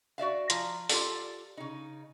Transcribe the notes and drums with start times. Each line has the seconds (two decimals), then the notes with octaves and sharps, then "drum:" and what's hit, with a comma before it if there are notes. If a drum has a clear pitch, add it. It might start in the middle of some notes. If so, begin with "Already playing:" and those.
0.18 F#4 D5 E5 F5
0.50 F3 F4 A#5, drum: hi-hat
0.89 F4 G4 A4 D5, drum: open hi-hat
1.57 C#3 D#4